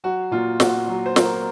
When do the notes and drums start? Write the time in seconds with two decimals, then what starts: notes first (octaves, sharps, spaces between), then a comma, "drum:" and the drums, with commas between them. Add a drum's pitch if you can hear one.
0.04 F#3 F#4
0.31 A#2 F4
0.60 A#2 F#4, drum: snare
0.88 F#3
1.06 C5
1.16 F#3 A#4, drum: snare